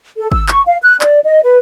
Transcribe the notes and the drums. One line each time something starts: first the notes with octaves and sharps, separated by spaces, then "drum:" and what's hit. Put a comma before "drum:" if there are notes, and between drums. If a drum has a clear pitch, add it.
A4
E6, drum: kick
C#6, drum: clap
F5
F#6
D5, drum: clap
D#5
B4